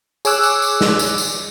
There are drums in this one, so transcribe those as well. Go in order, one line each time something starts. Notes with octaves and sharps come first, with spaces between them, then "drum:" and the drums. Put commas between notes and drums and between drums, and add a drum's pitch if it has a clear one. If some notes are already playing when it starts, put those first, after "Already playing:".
G#4 C#5 G#5 D6 E6 F#6, drum: tambourine
drum: tambourine
drum: tambourine
drum: snare
drum: tambourine
drum: tambourine